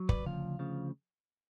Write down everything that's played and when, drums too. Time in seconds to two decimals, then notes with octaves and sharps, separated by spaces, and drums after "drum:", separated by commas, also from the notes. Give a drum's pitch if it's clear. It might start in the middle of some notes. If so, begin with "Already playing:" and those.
Already playing: F#3
0.09 B4 D5, drum: kick
0.25 D2 C#3 F3 F5
0.59 D2 C#3 F3